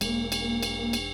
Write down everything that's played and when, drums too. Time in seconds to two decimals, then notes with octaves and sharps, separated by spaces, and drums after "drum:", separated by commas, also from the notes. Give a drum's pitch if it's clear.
0.01 E1 G#3 A#3, drum: cymbal
0.32 drum: cymbal
0.63 drum: cymbal
0.93 drum: cymbal